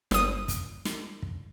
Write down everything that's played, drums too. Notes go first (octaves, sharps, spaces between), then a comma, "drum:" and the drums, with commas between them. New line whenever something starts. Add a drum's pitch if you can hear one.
G1 D#6, drum: snare
drum: kick, hi-hat
drum: snare
drum: kick